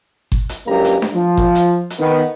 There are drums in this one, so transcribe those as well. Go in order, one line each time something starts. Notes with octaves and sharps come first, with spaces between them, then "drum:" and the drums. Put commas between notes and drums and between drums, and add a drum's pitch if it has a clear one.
drum: kick G1
drum: hi-hat
F#1 C#2 G2 A#3 G4 A#5
drum: hi-hat
drum: snare D4
F3
drum: kick G1
drum: hi-hat
drum: hi-hat
D#3 B3